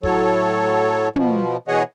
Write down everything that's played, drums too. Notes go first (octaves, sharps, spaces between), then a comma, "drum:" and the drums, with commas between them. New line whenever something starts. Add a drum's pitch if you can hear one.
A2 F#3 A4 C#5, drum: kick
B2 F3, drum: tom
B2 E3 G#4 C#5 D#5 F#5